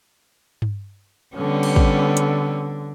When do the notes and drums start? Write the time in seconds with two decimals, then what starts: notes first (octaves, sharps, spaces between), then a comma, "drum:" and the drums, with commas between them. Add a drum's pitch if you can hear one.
0.62 drum: tom G2
1.35 D3 G3 B3 C#4
1.63 drum: cymbal
1.76 drum: kick
2.17 drum: hi-hat